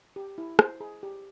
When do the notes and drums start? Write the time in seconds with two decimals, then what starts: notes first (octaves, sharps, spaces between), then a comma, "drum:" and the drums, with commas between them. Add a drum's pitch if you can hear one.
0.16 G4
0.38 E4
0.59 C5, drum: rim click
0.80 G#4
1.03 G4